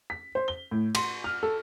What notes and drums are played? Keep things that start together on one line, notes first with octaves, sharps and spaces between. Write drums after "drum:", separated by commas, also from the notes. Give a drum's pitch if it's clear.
B6
C5
G7
A2
C6, drum: cymbal
F6
A4